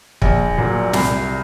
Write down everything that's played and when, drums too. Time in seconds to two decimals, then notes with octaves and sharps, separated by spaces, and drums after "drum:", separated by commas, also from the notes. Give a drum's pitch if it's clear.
0.22 A#1, drum: kick
0.58 A#2 F#3
0.93 C2, drum: snare